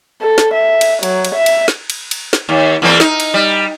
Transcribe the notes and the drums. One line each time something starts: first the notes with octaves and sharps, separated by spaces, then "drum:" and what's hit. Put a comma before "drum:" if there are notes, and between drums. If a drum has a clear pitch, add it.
A4
drum: snare
E5
drum: cymbal
F#3, drum: cymbal
drum: cymbal
E5
drum: cymbal
drum: snare
drum: cymbal
drum: cymbal
drum: snare
D#2
E2 A#3 C4
D#4, drum: snare
drum: cymbal
G3